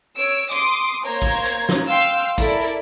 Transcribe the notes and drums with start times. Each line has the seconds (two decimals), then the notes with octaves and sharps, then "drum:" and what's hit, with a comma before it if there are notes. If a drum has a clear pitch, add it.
0.18 C#5 E6 D7
0.51 C6 D6 D#6, drum: hi-hat
1.04 A#3 C5 C#5 A#5 G#6
1.22 drum: kick A#1
1.45 drum: hi-hat
1.69 drum: snare
1.89 F5 G5 C6 E6
2.38 E4 A4 A#4 D5, drum: kick A#1, hi-hat